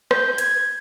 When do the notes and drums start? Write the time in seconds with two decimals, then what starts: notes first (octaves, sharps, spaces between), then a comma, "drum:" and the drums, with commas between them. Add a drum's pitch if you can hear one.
0.11 G6, drum: rim click
0.38 G#6, drum: hi-hat